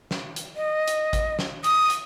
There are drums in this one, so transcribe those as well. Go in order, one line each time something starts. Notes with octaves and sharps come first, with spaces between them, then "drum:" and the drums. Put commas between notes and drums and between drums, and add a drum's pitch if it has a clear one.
drum: snare
drum: hi-hat
D#5
drum: hi-hat
drum: kick, hi-hat
drum: snare
D#6, drum: hi-hat
drum: hi-hat